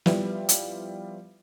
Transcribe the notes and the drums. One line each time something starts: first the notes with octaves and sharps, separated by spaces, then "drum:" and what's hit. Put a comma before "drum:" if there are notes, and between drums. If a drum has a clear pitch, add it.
F3 G3 B3 E4 F4, drum: snare
drum: hi-hat